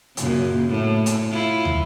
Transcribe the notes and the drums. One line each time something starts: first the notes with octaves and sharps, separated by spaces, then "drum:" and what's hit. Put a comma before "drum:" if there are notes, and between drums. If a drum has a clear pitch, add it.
F#2 A#2 C#3, drum: hi-hat
A2
drum: hi-hat
E4 F4
drum: tom